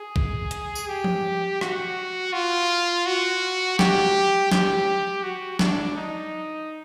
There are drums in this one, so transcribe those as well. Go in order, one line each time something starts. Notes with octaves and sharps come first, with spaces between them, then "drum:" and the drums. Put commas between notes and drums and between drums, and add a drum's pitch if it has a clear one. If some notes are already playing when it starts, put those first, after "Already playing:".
Already playing: G#4
drum: kick B1
drum: hi-hat
drum: tambourine
G4
drum: tom F3
F#4, drum: rim click
F4
F#4
G4, drum: snare
G4, drum: snare
F#4
D4, drum: snare
D#4